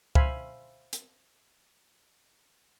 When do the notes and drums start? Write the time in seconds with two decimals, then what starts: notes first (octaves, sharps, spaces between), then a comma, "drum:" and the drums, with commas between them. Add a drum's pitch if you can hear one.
0.15 C5 E5 F5 G#5 B5, drum: kick C#2
0.93 drum: hi-hat